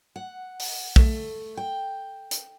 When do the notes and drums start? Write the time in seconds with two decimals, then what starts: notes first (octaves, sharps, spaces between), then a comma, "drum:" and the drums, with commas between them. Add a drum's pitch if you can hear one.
0.16 F#5
0.60 drum: open hi-hat
0.96 A3, drum: kick
1.57 G5
2.31 drum: hi-hat